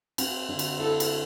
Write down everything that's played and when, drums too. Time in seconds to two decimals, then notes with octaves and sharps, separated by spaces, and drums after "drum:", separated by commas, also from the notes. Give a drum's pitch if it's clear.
0.18 C4, drum: cymbal
0.49 D3
0.59 drum: cymbal
0.79 E4 A4
1.00 drum: cymbal